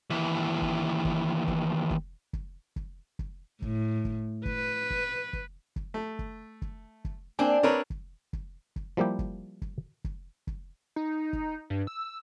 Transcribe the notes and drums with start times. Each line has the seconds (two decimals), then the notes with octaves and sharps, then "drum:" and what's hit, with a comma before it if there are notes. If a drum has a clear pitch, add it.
0.10 D#2 E3
0.62 drum: kick
1.05 drum: kick
1.48 drum: kick
1.90 drum: kick
2.33 drum: kick
2.76 drum: kick
3.19 drum: kick
3.62 A2, drum: kick
4.05 drum: kick
4.45 B4, drum: kick
4.90 drum: kick
5.33 drum: kick
5.76 drum: kick
5.94 A3
6.19 drum: kick
6.62 drum: kick
7.05 drum: kick
7.39 A#3 C4 D4 C5 G5 G#5
7.63 C4 D4 A#4 B4 C#5
7.90 drum: kick
8.33 drum: kick
8.76 drum: kick
8.97 F3 G3 A#3 E4 G4
9.19 drum: kick
9.62 drum: kick
10.04 drum: kick
10.47 drum: kick
10.96 D#4
11.33 drum: kick
11.70 G2
11.87 E6